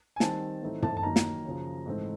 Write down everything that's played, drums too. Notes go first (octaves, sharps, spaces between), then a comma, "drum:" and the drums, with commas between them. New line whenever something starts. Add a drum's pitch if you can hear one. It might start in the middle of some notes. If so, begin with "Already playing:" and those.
G#5
D#3 G3 C4 D#4 A5, drum: snare
A2 E3 A3 C4 D#4
A5, drum: tom
A5
D#3 F#3 A#3 D#4 A#5
drum: snare
F#2 C#3 F3
G#2 E3 A3 C4 D#4